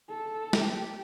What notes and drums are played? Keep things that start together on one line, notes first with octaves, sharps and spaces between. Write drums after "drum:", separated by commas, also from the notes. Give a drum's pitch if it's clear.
A4
G4, drum: snare